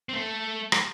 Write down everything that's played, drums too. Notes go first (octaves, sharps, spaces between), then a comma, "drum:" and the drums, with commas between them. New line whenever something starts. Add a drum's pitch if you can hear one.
C4
A3
drum: rim click